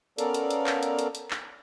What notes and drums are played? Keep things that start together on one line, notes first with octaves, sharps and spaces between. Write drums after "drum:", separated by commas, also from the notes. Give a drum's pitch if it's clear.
B3 C#4 A4 A#4 D5 F5, drum: hi-hat
drum: hi-hat
drum: hi-hat
drum: clap
drum: hi-hat
drum: hi-hat
drum: hi-hat
drum: clap